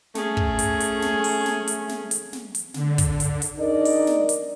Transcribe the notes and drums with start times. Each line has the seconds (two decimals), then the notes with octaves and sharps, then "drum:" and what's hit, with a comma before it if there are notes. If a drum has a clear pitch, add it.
0.15 A3 C#4 G#4, drum: snare
0.37 drum: kick
0.59 drum: hi-hat
0.80 drum: hi-hat
1.02 drum: snare
1.24 drum: open hi-hat
1.46 drum: snare
1.67 drum: hi-hat
1.89 drum: snare
2.11 drum: hi-hat
2.33 drum: snare
2.55 drum: hi-hat
2.74 D3, drum: snare
2.98 drum: kick, hi-hat
3.20 drum: hi-hat
3.42 drum: hi-hat
3.58 D4 D#4 G#4 A#4 D5 D#5
3.85 drum: open hi-hat
4.07 drum: snare
4.29 drum: hi-hat